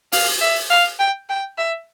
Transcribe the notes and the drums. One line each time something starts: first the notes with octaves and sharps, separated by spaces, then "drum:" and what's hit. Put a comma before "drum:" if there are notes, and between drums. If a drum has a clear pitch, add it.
F5, drum: open hi-hat
E5
F5
G5
G5
E5